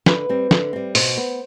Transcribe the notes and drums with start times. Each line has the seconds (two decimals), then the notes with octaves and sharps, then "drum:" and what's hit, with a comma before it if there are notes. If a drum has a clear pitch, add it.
0.06 D3 B4, drum: snare
0.29 G3 C4
0.51 D3, drum: snare
0.73 G3 C4
0.95 B2 C5, drum: open hi-hat
1.17 B3